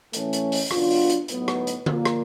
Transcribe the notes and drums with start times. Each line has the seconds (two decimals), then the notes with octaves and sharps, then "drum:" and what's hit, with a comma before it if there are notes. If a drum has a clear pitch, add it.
0.13 A2 E3 A3 C#4, drum: hi-hat
0.33 drum: hi-hat
0.52 drum: open hi-hat
0.71 F#3 B3 D4 F4, drum: rim click
0.90 drum: open hi-hat
1.10 drum: hi-hat
1.28 A2 F#3 B3 D#4, drum: hi-hat
1.48 drum: rim click
1.67 drum: hi-hat
1.86 A#2 F3 A#3, drum: tom D3
2.05 drum: rim click